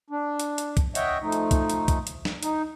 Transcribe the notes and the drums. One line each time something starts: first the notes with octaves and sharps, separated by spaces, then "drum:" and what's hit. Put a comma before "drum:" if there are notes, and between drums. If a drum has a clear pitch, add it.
D4
drum: hi-hat
drum: hi-hat
drum: kick, hi-hat
C#5 D#5 E5 F#5 G5, drum: hi-hat
F3 A3 D#4
drum: hi-hat
drum: kick, hi-hat
drum: hi-hat
drum: kick, hi-hat
drum: hi-hat
drum: snare
D#4, drum: hi-hat